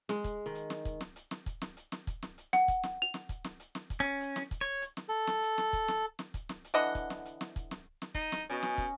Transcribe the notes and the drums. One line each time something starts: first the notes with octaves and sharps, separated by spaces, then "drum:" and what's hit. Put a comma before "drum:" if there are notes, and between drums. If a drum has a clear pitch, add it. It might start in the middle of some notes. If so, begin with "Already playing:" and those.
G#3, drum: snare
drum: kick, hi-hat
D#3
drum: hi-hat
drum: snare
drum: kick, hi-hat
drum: snare
drum: hi-hat
drum: snare
drum: kick, hi-hat
drum: snare
drum: hi-hat
drum: snare
drum: kick, hi-hat
drum: snare
drum: hi-hat
F#5, drum: snare
drum: kick, hi-hat
drum: snare
F7
drum: snare
drum: kick, hi-hat
drum: snare
drum: hi-hat
drum: snare
drum: kick, hi-hat
C#4
drum: hi-hat
drum: snare
drum: kick, hi-hat
C#5
drum: hi-hat
drum: snare
A4
drum: snare
drum: hi-hat
drum: snare
drum: kick, hi-hat
drum: snare
drum: snare
drum: kick, hi-hat
drum: snare
drum: hi-hat
D3 E3 D#5 F#5
drum: kick, hi-hat
drum: snare
drum: hi-hat
drum: snare
drum: kick, hi-hat
drum: snare
drum: snare
D#4, drum: kick, hi-hat
drum: snare
B2 C#4 D#5, drum: hi-hat
drum: snare
drum: kick, hi-hat